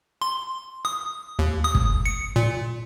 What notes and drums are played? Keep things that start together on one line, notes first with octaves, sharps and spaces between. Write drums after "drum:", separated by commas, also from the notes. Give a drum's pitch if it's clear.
C6
D#6
D#2
D#6
drum: kick
C#7
A#2